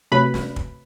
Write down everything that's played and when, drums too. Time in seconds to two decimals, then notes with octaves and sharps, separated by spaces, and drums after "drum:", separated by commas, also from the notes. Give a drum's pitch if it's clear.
0.12 C3 F#3 A3 B4 B5
0.34 drum: snare
0.56 drum: kick